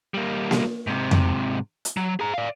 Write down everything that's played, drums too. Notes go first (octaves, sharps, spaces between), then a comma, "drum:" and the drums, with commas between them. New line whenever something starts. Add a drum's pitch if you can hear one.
G3 A#3
drum: snare A#3
G#2 C3
drum: tom F2
drum: hi-hat
F#3
G#4 A#5
D5 F5